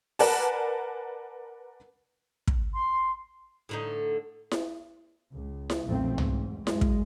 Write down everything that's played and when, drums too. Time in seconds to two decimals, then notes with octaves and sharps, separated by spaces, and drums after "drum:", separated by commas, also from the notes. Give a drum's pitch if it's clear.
0.19 A#4 B4 D5 F#5 G#5 A5, drum: open hi-hat
2.47 drum: kick
2.74 C6
3.69 A2 D3 D#4
4.51 drum: snare E4
5.33 C#2
5.70 drum: snare E4
5.86 B1 F2 A#2 F3 A3 C4
6.18 E2 G#2, drum: tom
6.67 F#2 G#3, drum: snare E4
6.81 drum: kick